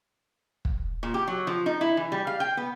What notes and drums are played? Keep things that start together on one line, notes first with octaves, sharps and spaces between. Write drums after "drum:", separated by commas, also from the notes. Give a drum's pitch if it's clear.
drum: kick
A#2
G4
F#3
F3
D#4
E4
E3
G3
F5
G5
B3